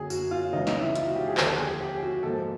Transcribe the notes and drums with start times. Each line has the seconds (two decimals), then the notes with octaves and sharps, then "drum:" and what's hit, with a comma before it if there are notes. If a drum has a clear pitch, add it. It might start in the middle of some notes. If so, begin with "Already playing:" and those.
Already playing: F#2 D3 F#3 A#3 G#4
0.10 F#4, drum: tambourine
0.31 F4
0.53 C#2 C#3 E3 D#4
0.67 D#4, drum: snare
0.80 E4
0.96 F4, drum: hi-hat
1.06 F#4
1.16 G4
1.27 G#4
1.37 D#2 D3 F3 A4, drum: clap
1.52 G4
1.60 G#4
1.81 G4
2.03 F#4
2.23 G#2 F3 A#3 A4